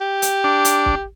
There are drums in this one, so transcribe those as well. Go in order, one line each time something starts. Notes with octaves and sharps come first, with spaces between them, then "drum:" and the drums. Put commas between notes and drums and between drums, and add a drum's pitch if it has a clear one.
G4
drum: hi-hat
D4
drum: hi-hat
drum: kick